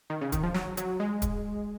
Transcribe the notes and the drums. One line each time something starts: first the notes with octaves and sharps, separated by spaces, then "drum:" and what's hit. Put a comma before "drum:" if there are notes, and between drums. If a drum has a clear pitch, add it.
D#3
C#3
D#3, drum: kick, hi-hat
F3
F#3, drum: snare
F#3, drum: hi-hat
G#3
drum: kick, hi-hat